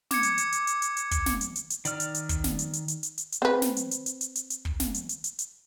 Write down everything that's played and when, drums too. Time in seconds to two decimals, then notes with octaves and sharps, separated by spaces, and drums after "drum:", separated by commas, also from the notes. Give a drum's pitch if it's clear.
0.11 D6 G#6 C#7, drum: snare
0.23 drum: hi-hat
0.38 drum: hi-hat
0.52 drum: hi-hat
0.67 drum: hi-hat
0.82 drum: hi-hat
0.97 drum: hi-hat
1.11 drum: kick, hi-hat
1.26 drum: snare
1.41 drum: hi-hat
1.56 drum: hi-hat
1.70 drum: hi-hat
1.85 D#3 D5 F6, drum: hi-hat
2.00 drum: hi-hat
2.14 drum: hi-hat
2.29 drum: kick, hi-hat
2.44 drum: snare
2.59 drum: hi-hat
2.73 drum: hi-hat
2.88 drum: hi-hat
3.03 drum: hi-hat
3.18 drum: hi-hat
3.32 drum: hi-hat
3.42 C4 B4
3.62 drum: snare
3.77 drum: hi-hat
3.91 drum: hi-hat
4.06 drum: hi-hat
4.21 drum: hi-hat
4.36 drum: hi-hat
4.50 drum: hi-hat
4.65 drum: kick
4.80 drum: snare
4.94 drum: hi-hat
5.09 drum: hi-hat
5.24 drum: hi-hat
5.39 drum: hi-hat